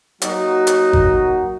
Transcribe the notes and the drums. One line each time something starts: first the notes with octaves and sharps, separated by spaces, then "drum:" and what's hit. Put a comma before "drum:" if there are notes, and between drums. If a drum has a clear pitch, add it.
F#3 A#3 D#4 F#4, drum: hi-hat
drum: hi-hat
drum: kick G#1